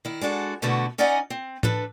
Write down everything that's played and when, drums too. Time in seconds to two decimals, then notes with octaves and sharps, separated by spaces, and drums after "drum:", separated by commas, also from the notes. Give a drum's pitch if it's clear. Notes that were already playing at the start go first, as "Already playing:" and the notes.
0.05 D#3 E4
0.21 G#3 D4 F#4 A4
0.62 B2 D3 A3 B3 E4 F#4
0.98 C#4 D#4 D5 D#5 F#5 G#5
1.30 C4
1.63 D4 A4 B4, drum: tom A2